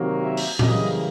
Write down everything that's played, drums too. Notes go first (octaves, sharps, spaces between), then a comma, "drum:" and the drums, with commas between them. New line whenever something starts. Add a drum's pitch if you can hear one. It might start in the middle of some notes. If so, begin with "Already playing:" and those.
Already playing: C3 D#3 F#3 A#3
E5
drum: open hi-hat
C#3 E3 G3 A#3 D#5, drum: tom A#2